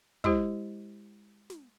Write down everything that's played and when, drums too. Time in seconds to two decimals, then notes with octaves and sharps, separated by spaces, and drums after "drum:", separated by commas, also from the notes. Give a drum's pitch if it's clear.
0.24 G#3 E4 G4 C5, drum: kick
1.50 drum: snare